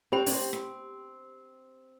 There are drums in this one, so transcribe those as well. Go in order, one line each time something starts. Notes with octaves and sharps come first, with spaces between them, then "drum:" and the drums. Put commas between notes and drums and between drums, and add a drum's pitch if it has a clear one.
C4 G4 C5 G5 B5
D4, drum: open hi-hat
C4
C4, drum: rim click